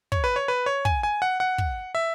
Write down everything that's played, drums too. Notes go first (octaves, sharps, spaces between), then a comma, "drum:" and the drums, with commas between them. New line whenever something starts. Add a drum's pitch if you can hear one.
C#5, drum: kick
B4
C#5
B4
C#5
G#5, drum: kick
G#5
F#5
F#5
drum: kick
E5